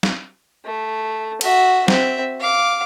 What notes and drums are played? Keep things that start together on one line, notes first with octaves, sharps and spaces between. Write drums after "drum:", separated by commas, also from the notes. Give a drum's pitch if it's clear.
drum: snare
A3
F#4 E5, drum: cymbal
C4 E5, drum: snare
F5 D6